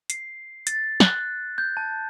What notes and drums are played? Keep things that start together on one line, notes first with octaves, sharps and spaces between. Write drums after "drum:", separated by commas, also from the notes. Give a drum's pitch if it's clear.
C7, drum: hi-hat
A6, drum: hi-hat
F#6, drum: snare
G6
A5